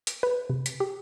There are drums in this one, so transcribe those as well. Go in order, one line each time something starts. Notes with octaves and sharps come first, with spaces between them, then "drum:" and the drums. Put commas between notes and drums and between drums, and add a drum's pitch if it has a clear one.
drum: hi-hat
B4
C3
B6, drum: hi-hat
G4